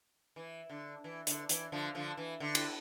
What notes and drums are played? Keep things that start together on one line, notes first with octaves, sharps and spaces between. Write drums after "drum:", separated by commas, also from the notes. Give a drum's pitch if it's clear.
E3
D3
E3
D3, drum: hi-hat
E3, drum: hi-hat
D3 F3
D3 F3
E3
D3
drum: cymbal